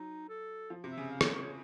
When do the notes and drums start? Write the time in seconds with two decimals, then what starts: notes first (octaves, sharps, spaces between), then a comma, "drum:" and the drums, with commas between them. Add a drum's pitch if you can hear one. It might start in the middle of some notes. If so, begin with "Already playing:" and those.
Already playing: F#3 D#4
0.29 A4
0.70 F3
0.84 C3
0.90 E5
0.98 C#3
1.11 F5
1.21 C#5, drum: rim click
1.41 C#5